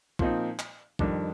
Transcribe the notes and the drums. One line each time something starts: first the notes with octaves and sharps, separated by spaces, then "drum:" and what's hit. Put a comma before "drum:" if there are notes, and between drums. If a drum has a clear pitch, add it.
A#2 F3 C4 D#4, drum: kick
drum: clap
F2 D#3 G3 D4, drum: kick